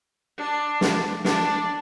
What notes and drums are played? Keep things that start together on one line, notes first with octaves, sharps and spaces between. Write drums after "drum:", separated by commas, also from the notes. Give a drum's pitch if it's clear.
D4
drum: snare
D4, drum: snare